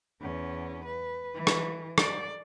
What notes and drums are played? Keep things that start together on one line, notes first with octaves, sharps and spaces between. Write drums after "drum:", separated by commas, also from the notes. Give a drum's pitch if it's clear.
E2 C#4
B4
E3
drum: rim click
D5, drum: rim click